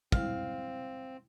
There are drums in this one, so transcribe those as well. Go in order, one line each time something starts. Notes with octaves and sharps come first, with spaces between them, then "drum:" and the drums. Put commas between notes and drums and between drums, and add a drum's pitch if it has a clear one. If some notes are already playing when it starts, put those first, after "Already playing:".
G3 G#3 C4 E4 F5, drum: kick